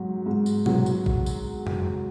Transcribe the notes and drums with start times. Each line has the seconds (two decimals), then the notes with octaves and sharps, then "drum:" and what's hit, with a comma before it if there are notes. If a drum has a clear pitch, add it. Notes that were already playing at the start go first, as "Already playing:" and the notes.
Already playing: G#2 F#3
0.26 G#2
0.46 drum: tambourine
0.66 F#3, drum: tom B2
0.86 drum: tambourine
1.06 drum: kick A1
1.26 drum: tambourine
1.67 drum: tom